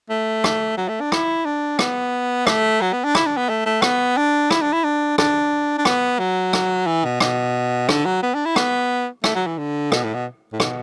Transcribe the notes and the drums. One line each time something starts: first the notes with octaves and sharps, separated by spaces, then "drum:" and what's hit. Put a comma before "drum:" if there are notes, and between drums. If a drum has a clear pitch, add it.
A3
drum: rim click
F#3
A3
D4
E4, drum: rim click
D4
B3, drum: rim click
A3, drum: rim click
F#3
B3
D4
E4, drum: rim click
D4
B3
A3
A3
B3, drum: rim click
D4
E4, drum: rim click
D4
E4
D4
D4, drum: rim click
D4
B3, drum: rim click
F#3
drum: rim click
E3
B2
B2, drum: rim click
D3, drum: rim click
F#3
B3
D4
E4
B3, drum: rim click
A3, drum: rim click
F#3
E3
D3
B2, drum: rim click
A2
B2
A2
B2, drum: rim click